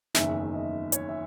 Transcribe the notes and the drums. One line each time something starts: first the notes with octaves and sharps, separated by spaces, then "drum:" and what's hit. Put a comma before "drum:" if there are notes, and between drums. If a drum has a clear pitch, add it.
F#1 E2 D#3 E5, drum: snare
D#5
C#5, drum: hi-hat
E5